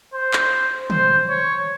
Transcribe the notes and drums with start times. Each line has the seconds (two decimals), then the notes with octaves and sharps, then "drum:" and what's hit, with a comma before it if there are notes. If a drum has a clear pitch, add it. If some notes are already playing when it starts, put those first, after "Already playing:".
0.14 C5
0.33 drum: clap
0.90 C5, drum: tom
1.29 C#5